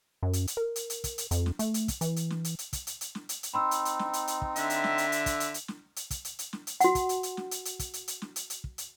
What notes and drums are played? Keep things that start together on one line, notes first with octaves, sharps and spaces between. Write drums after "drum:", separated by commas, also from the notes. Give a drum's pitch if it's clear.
F#2
drum: hi-hat
drum: hi-hat
A#4
drum: hi-hat
drum: hi-hat
drum: kick, hi-hat
drum: hi-hat
F2, drum: hi-hat
drum: snare
A3, drum: hi-hat
drum: hi-hat
drum: kick, hi-hat
E3, drum: hi-hat
drum: hi-hat
drum: snare
drum: hi-hat
drum: hi-hat
drum: kick, hi-hat
drum: hi-hat
drum: hi-hat
drum: snare
drum: hi-hat
drum: hi-hat
C4 D#4 B5 C6 E6
drum: hi-hat
drum: hi-hat
drum: snare
drum: hi-hat
drum: hi-hat
drum: kick
D3 E5, drum: hi-hat
drum: hi-hat
drum: snare
drum: hi-hat
drum: hi-hat
drum: kick, hi-hat
drum: hi-hat
drum: hi-hat
drum: snare
drum: hi-hat
drum: kick, hi-hat
drum: hi-hat
drum: hi-hat
drum: snare
drum: hi-hat
F#4 F#5, drum: hi-hat
drum: kick, hi-hat
drum: hi-hat
drum: hi-hat
drum: snare
drum: hi-hat
drum: hi-hat
drum: kick, hi-hat
drum: hi-hat
drum: hi-hat
drum: snare
drum: hi-hat
drum: hi-hat
drum: kick
drum: hi-hat